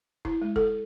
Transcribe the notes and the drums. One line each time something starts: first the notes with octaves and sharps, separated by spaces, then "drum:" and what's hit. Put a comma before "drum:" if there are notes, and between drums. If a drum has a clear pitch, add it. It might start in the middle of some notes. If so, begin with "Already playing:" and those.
E4, drum: kick
G#3
A4, drum: kick